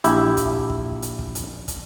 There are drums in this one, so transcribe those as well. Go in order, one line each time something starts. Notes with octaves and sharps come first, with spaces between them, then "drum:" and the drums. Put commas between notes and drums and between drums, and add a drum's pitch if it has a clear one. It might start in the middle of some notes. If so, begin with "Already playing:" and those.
A#1 E4 G4, drum: hi-hat
drum: kick, hi-hat
drum: kick
drum: hi-hat
drum: kick
drum: hi-hat
drum: kick, hi-hat